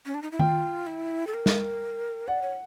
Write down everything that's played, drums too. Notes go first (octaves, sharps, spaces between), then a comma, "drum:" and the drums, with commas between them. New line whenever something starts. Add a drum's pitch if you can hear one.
C#4
D4
D#4
E4
F4 G5, drum: tom D#3
E4
A4
A#4
drum: snare
D5 F#5
C#5